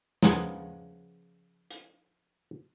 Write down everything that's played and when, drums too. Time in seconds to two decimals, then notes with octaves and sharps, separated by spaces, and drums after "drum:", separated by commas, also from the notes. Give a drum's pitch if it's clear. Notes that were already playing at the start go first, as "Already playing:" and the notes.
0.23 C#3 F3 A#3 B3 F4 G#4, drum: snare
1.71 drum: hi-hat